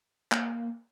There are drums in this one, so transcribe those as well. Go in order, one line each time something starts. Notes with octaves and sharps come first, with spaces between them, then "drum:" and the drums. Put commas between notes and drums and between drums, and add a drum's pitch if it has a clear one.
A#3, drum: clap